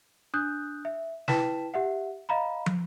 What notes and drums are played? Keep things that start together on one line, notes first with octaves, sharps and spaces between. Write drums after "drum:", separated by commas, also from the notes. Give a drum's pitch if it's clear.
D4 D#6 F#6 G6
E5
E4 B4 G5 A5 B6 E7, drum: snare
G4 E5 F#5
D#5 F5 A#5 B5
drum: tom